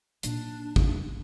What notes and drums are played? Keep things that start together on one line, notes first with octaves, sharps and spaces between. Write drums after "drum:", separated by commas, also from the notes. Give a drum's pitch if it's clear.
A#2 D4 D#4, drum: hi-hat
drum: kick